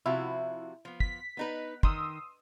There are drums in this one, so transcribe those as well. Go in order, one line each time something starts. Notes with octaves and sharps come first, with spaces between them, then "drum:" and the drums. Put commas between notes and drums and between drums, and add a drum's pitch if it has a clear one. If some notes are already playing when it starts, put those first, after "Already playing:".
C3 F3 E4 F#4
F3 B3
B6, drum: kick
B3 D#4 B4
D#3 C6 D#6 E6, drum: kick